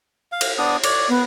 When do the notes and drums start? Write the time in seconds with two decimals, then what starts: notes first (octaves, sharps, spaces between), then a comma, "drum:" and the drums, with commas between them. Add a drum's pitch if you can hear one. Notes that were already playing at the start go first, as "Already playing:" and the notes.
0.32 F5
0.41 drum: cymbal
0.58 B3 D4 D#6
0.84 C#5 D5, drum: cymbal
1.09 B3